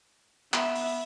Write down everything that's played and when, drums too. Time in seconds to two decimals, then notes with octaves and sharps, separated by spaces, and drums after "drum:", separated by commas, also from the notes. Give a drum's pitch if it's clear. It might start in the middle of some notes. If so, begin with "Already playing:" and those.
0.54 B3 E5, drum: clap
0.75 drum: open hi-hat